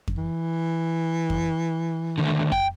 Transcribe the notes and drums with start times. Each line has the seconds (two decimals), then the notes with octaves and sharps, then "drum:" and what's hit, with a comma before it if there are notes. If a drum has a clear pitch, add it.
0.08 drum: kick F2
0.18 E3
1.30 drum: kick F2
2.18 D3 D#3 A3
2.52 G5, drum: kick F2